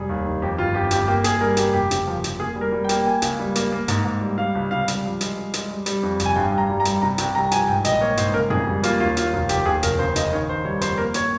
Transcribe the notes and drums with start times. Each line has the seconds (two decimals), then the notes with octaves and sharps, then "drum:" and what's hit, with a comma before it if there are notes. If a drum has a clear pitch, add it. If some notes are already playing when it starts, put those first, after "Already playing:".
Already playing: F1 G3 G#4
0.09 D#2
0.25 D#3
0.42 F2 G4
0.58 G1 F4
0.74 F2 G4
0.91 G1 G4, drum: hi-hat
1.07 A#3 G4
1.24 A#3 G#4, drum: hi-hat
1.41 G3 A#4
1.57 A#3 G4, drum: hi-hat
1.73 F1 G4
1.91 C#3, drum: hi-hat
2.07 F3
2.24 F1, drum: hi-hat
2.39 A#3 G#4
2.56 G3
2.61 A#4
2.72 G3
2.84 G5
2.89 A#3, drum: hi-hat
3.05 A#3 G#5
3.22 C#2, drum: hi-hat
3.39 G3
3.55 A#3, drum: hi-hat
3.72 A#3
3.88 G#2, drum: hi-hat
4.04 G#2
4.21 G3
4.38 G3 F5
4.55 C#2
4.71 C3 F5
4.88 G3, drum: hi-hat
5.04 F3
5.21 G#3, drum: hi-hat
5.38 G#3
5.54 G#3, drum: hi-hat
5.70 G3
5.86 G3, drum: hi-hat
6.03 F2
6.20 F1, drum: hi-hat
6.26 G#5
6.36 G2 G5
6.52 G2
6.58 A#5
6.70 G3
6.80 A#5
6.85 G3, drum: hi-hat
7.02 C3 A#5
7.18 C2 G5, drum: hi-hat
7.35 C2 A#5
7.51 F3 G#5, drum: hi-hat
7.68 G#2 G5
7.85 A#1 D#5, drum: hi-hat
8.01 A#3 C#5
8.17 G#2 C5, drum: hi-hat
8.34 C#3 A#4
8.50 F2 G#4, drum: tom F#2
8.67 G3
8.83 A#3 F4, drum: hi-hat
9.00 D#2 F4
9.17 D#2 F4, drum: hi-hat
9.33 F1 F4
9.49 F1 G4, drum: hi-hat
9.66 D#2 G#4
9.83 F1 A#4, drum: hi-hat
9.99 C#3 C5
10.16 C#3 D#5, drum: hi-hat
10.32 D#3 C#5
10.49 D#3 C5
10.65 G3 C#5
10.81 F2 C5, drum: hi-hat
10.98 A#3 A#4
11.14 A#3 C#5, drum: hi-hat